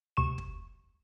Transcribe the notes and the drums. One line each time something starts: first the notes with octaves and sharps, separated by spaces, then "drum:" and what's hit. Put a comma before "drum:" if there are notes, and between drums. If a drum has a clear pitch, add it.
D2 C3 C#6 E7
drum: kick